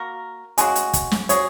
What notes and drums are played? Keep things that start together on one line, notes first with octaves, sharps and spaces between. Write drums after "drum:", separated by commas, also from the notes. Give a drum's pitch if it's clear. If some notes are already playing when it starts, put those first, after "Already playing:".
Already playing: A#3 F#4 A#4
C#3 G#3 F#4 G#5, drum: hi-hat
drum: hi-hat
drum: kick, hi-hat
drum: snare
F#3 C#4 G#4 C#5, drum: hi-hat